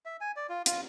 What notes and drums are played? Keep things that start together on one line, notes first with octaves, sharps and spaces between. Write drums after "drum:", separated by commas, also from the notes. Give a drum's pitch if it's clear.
E5
G#5
D5
F4
F4, drum: hi-hat